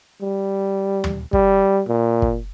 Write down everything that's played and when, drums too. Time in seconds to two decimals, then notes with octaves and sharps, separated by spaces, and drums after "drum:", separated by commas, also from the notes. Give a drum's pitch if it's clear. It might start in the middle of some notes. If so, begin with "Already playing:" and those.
0.21 G3
1.04 drum: tom
1.33 G3, drum: kick
1.88 A#2
2.22 drum: kick